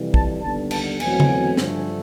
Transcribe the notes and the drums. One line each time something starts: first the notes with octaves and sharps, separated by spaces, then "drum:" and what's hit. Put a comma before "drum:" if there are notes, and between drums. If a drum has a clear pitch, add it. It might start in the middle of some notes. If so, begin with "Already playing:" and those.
Already playing: F2 C3 E3 G3
A5, drum: kick
D#2 D3 G3 B3 A5
A5, drum: cymbal
E2 B2 F#3 A3 C4 G#5, drum: cymbal
drum: tom C#3
G2 D3 F3 A3, drum: snare